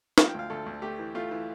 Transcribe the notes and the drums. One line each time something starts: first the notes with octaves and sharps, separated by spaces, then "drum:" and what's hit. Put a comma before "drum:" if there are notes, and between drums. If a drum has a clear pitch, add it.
F3 F5, drum: snare
G5
D2 F5
D2 A4
D2
A3 G4
E3
A3 F4
E3